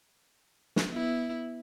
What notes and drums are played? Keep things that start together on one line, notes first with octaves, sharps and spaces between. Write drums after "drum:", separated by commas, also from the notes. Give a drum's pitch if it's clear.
drum: snare
B3 E4